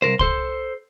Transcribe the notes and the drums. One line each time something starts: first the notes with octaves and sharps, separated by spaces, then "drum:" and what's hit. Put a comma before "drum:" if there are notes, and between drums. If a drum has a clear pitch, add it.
C2 A#2 A#4 C5
A4 C5 C6, drum: kick C2